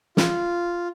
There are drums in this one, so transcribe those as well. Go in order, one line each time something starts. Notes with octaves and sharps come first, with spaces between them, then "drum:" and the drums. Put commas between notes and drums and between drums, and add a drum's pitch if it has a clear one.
F4, drum: snare